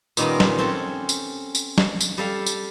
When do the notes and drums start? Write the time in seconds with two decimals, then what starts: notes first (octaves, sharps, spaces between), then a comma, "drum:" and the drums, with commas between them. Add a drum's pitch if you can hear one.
0.17 A#2 D#3 G3 B3 C#4 A#4, drum: tambourine
0.40 drum: snare
0.59 C4 C#4 A4 F#5 A5
1.09 drum: tambourine
1.55 drum: tambourine
1.78 drum: snare
2.01 drum: tambourine
2.18 G3 A4 F5
2.46 drum: tambourine